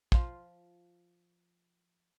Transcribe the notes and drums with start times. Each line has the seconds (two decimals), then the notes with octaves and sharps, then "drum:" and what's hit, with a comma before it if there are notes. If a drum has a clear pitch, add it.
0.12 F3 F4, drum: kick